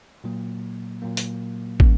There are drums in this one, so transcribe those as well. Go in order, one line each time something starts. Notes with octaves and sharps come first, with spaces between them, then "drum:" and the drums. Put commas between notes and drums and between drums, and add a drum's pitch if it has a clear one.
A#2 F#3 A#3
A#2 F#3 A#3
drum: hi-hat
D#3 G3 A#3 C#4, drum: kick